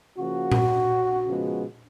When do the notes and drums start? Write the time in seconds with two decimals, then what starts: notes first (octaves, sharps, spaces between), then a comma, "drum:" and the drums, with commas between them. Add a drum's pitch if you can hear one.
0.18 C#3 F3 A#3 F#4
0.52 drum: tom A#2
1.26 C#3 F3 G#3 B3